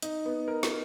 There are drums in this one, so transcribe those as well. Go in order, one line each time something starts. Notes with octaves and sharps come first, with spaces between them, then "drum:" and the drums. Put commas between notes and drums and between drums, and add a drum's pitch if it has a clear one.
D#4, drum: hi-hat
B3
A#4
drum: snare